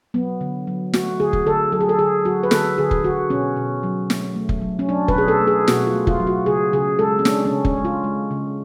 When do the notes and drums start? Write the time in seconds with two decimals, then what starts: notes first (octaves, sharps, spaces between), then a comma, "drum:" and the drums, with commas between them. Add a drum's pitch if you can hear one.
0.14 F#3 B3
0.41 D3
0.67 F#3
0.93 A3 F#4, drum: snare
1.20 D3 G#4
1.33 drum: kick F1
1.46 D3 A4
1.72 F#3 A4
1.81 G#4
1.89 A4
1.99 D3 G#4
2.25 F#3 F#4
2.43 B4
2.51 D3 A4, drum: snare
2.78 D3 G#4
2.91 drum: kick F1
3.04 D3 F#4
3.30 B2 C#4
3.57 B2
3.83 F#3
4.10 A3, drum: snare
4.35 A3
4.49 drum: kick F1
4.62 F#3
4.79 C#4
4.89 F#3 D4
5.08 B4, drum: kick F1
5.15 B2 G#4
5.28 A4
5.41 A3
5.47 G#4
5.68 B2 F#4, drum: snare
5.87 F4
5.94 A3
6.07 F4, drum: kick F1
6.20 F#3
6.27 F#4
6.46 C#3 G#4
6.73 C#3 G#4
6.99 G#3 A4
7.19 C#4
7.25 G#3 D4, drum: snare
7.45 C#4
7.52 C#3
7.65 C#4, drum: kick F1
7.78 G#3
7.85 F4
8.04 G#3
8.31 C#3